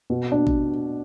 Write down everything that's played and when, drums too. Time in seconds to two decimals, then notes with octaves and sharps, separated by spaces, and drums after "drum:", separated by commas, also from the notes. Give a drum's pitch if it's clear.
0.10 B2
0.32 D4
0.47 drum: kick G#1